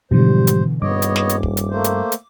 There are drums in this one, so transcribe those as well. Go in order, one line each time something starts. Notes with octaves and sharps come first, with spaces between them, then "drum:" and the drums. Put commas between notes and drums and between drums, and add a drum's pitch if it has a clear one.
G#2 B2 D3 E3 F3 G3 C5
drum: hi-hat
D#1 G2 B3 C#5 D#5 D6
drum: hi-hat
drum: snare
drum: hi-hat
drum: kick
drum: hi-hat
A3 A#3 C5
drum: hi-hat
drum: hi-hat